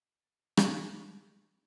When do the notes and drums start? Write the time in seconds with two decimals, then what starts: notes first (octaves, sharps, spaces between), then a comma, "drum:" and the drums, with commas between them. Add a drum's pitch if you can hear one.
0.22 A6 C#7
0.57 drum: rim click